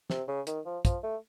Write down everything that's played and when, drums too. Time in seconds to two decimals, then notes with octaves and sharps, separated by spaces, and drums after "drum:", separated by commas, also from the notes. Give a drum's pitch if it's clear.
0.10 C3, drum: snare
0.28 C#3
0.47 D#3, drum: hi-hat
0.66 F3
0.85 F3, drum: kick, hi-hat
1.03 A3